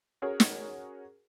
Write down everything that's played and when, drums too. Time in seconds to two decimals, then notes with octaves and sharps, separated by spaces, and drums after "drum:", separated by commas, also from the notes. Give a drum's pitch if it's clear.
0.22 C#4 F#4 G#4 A#4 C#5
0.40 drum: snare